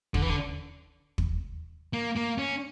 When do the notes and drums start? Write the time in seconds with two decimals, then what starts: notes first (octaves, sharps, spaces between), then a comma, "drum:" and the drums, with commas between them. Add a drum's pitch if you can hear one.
0.14 D3, drum: kick
0.22 E3
0.30 D3
1.18 drum: kick
1.93 A#3
2.16 A#3
2.38 C#4